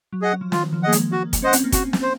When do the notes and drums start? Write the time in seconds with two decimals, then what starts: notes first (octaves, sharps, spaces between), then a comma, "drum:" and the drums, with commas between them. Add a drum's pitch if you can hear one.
0.13 F#3
0.22 G#4 D#5 F#5
0.41 F3
0.52 D#3 F4, drum: snare
0.73 F3
0.83 A#3 G#4 D#5 F#5
0.92 G#3, drum: hi-hat
1.12 A#3 F#4
1.33 drum: kick, hi-hat
1.42 C#4 C5 D#5 F#5
1.53 C4, drum: hi-hat
1.64 A#3
1.72 C4 F#4, drum: kick, hi-hat
1.93 drum: snare
2.03 C5